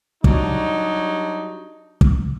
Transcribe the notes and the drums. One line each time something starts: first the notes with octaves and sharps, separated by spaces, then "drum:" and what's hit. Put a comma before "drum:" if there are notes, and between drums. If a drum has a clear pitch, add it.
F#3 G3 D4 D#4, drum: kick
drum: kick